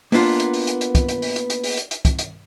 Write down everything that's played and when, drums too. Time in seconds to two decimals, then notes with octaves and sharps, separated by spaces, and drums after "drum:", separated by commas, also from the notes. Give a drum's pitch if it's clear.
0.12 A#3 B3 D4 F4, drum: open hi-hat
0.40 drum: hi-hat
0.53 drum: open hi-hat
0.67 drum: hi-hat
0.81 drum: hi-hat
0.95 drum: kick, hi-hat
1.09 drum: hi-hat
1.22 drum: open hi-hat
1.36 drum: hi-hat
1.50 drum: hi-hat
1.64 drum: open hi-hat
1.77 drum: hi-hat
1.91 drum: hi-hat
2.05 drum: kick, hi-hat
2.19 drum: hi-hat